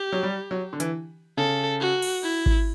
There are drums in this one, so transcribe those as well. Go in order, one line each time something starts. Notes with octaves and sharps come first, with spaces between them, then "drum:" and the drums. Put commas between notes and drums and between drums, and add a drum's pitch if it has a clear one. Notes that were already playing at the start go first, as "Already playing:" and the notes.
Already playing: G4
F#3
G3
F#3
D3
E3, drum: hi-hat
C#3 A4
F#4
drum: cymbal
E4
drum: kick G#1